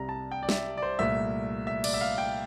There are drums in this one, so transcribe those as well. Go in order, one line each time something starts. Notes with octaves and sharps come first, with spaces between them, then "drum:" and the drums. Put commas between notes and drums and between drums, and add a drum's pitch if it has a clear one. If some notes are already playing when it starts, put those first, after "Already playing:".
Already playing: C2 C3 G3 A#5
A5
G5
D5
E5, drum: snare
D5
C5
C2 A#2 A3 E5
E5
D5, drum: cymbal
E5
F5
G5